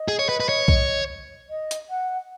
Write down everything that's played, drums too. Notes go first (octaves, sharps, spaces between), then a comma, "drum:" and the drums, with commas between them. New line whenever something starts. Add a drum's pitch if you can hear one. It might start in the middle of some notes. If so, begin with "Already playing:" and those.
Already playing: D#5
G#4
C#5
B4
B4
C#5
drum: kick B1
D#5
drum: hi-hat
F#5